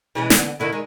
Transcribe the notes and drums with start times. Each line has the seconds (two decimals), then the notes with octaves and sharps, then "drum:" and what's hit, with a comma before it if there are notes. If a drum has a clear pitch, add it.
0.15 B2 E3 G#3 C#4
0.30 D3 A#3 B3, drum: snare
0.60 A2 D3 D#3 E4
0.73 D#3 G#3